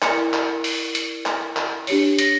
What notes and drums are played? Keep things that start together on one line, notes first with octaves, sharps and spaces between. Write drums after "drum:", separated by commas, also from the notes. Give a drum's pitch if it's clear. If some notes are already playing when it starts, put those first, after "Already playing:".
E4 A#4 D5 C#7, drum: clap
drum: clap
drum: open hi-hat
drum: hi-hat
drum: clap
drum: clap
D4 G4 C#5 C#7, drum: open hi-hat
A#6, drum: hi-hat